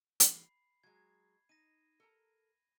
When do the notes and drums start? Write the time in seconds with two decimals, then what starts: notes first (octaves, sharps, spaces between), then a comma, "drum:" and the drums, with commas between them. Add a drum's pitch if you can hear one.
0.20 B5 C7, drum: hi-hat
0.84 F#3 G#3 G#6
1.49 D#4 A#6 D#7
2.00 A4 A#4 A#5